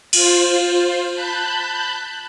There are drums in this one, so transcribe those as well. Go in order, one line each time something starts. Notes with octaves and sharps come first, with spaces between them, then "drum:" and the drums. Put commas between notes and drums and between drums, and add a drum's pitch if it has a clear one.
F4 C5, drum: cymbal
A5 B5 F#6 G6